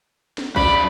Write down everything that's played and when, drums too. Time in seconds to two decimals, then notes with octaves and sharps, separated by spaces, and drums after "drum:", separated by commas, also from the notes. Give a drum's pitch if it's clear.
0.38 drum: snare
0.56 F#2 D5 B5, drum: kick A#1